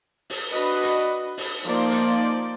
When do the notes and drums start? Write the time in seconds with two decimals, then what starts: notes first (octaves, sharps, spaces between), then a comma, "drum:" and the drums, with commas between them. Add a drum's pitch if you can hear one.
0.30 drum: open hi-hat
0.52 D4 F#4 B4 D#5
0.84 drum: hi-hat
1.38 drum: open hi-hat
1.64 F3 A#3 D#4 C5 D5
1.91 drum: hi-hat